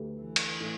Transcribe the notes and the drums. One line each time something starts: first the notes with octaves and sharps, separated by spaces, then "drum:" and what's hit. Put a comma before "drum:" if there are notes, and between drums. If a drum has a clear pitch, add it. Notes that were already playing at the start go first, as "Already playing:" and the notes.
Already playing: D2 D3 A3 G4 B4
E3
drum: cymbal
A2 A3